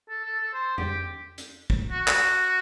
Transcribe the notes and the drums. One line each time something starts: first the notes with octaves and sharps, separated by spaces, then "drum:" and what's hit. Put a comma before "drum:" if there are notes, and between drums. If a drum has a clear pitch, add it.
A4
A4
A4
C5
G4, drum: tom F2
drum: hi-hat
drum: kick
F#4
drum: clap